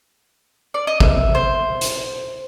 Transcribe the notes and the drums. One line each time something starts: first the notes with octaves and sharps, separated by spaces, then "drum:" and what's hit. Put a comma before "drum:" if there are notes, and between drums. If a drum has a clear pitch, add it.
D5
D#5
E5, drum: kick
C5
drum: hi-hat